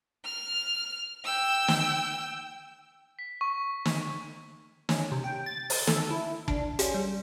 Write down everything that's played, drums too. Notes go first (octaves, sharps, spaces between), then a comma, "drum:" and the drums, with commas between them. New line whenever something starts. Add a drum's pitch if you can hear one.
F6
G5 E6
drum: snare
B6
C#6
drum: snare
C#4, drum: snare
C3
G5
A6
A6, drum: open hi-hat
A4, drum: snare
E4
D4, drum: kick
C#4, drum: hi-hat
G3